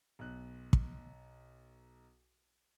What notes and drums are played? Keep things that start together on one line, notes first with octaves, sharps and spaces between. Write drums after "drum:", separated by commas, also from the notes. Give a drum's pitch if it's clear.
B1 F#6
drum: kick